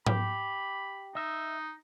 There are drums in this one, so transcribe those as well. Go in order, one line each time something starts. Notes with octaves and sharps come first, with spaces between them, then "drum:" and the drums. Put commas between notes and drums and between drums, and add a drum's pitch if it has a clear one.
G4 B5, drum: tom G#2
D#4 D#5 E5